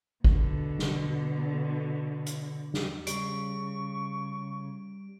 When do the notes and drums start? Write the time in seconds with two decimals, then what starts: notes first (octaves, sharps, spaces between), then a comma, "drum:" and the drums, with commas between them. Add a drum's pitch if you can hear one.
0.24 B2 D3, drum: kick G#1
0.79 drum: snare
2.26 drum: hi-hat
2.74 drum: snare
3.07 C#3 G3 C#6 D7, drum: hi-hat